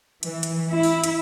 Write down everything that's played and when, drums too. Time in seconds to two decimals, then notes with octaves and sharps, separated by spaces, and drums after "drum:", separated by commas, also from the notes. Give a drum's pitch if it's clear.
0.23 E3, drum: hi-hat
0.43 drum: hi-hat
0.70 E4
0.83 drum: open hi-hat
1.04 drum: hi-hat